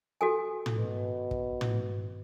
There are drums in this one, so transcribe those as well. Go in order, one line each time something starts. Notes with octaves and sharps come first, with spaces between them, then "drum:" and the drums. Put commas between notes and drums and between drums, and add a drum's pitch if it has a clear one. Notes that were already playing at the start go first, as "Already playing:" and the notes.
F#4 A4 G#5
drum: tom
B2
drum: kick
drum: tom